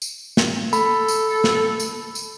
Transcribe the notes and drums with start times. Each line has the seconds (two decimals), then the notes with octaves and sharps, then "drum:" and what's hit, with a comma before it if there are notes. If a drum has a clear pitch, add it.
0.02 drum: tambourine
0.37 drum: snare
0.73 A4 B5, drum: tambourine
1.08 drum: tambourine
1.44 drum: snare
1.80 drum: tambourine
2.15 drum: tambourine